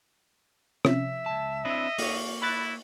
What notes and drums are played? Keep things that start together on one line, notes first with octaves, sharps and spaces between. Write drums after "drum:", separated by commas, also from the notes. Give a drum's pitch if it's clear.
C3 F3 C#4 E5, drum: rim click
C#2 A5
C4 D4 E4 D#5
A#3 C#5, drum: open hi-hat
E4 B5 F#6 A6